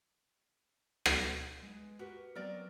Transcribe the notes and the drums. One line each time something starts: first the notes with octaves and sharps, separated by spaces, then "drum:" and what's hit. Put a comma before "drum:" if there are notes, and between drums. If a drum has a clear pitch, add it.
drum: rim click
G#3 B4
F#4 G4 A#4 B4
F#3 B3 C4 A#4 D5